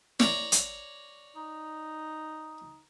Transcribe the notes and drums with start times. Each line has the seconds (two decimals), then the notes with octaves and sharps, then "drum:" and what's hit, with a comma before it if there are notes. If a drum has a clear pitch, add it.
0.20 C#5 D5 A#5, drum: snare
0.52 drum: hi-hat
1.36 D#4